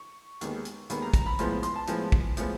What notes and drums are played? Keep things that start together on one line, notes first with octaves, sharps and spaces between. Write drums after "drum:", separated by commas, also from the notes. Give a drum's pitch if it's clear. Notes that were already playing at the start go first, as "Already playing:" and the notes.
Already playing: C#6
D#2 D#3 G#3 B3, drum: hi-hat
drum: hi-hat
D#2 D#3 G#3 B3 B5, drum: hi-hat
A#5
A#5, drum: kick, hi-hat
B5
A2 F3 G#3 B3 C6, drum: hi-hat
C6, drum: hi-hat
A5
A2 F3 G#3 B3 G#5, drum: hi-hat
drum: kick
A2 F3 G#3 B3, drum: hi-hat